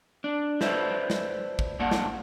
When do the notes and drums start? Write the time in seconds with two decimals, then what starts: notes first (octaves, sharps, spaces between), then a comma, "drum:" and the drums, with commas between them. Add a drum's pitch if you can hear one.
0.24 D4
0.61 A4 B4 C5 D5 E5, drum: snare
1.10 drum: snare
1.59 drum: kick
1.79 G2 A#3 D4 F#5
1.91 drum: snare